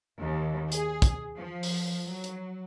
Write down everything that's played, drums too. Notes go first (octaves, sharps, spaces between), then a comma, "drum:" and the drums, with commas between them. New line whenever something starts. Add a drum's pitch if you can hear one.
D#2
G#4, drum: hi-hat
drum: kick, hi-hat
F3
drum: open hi-hat
F#3
drum: hi-hat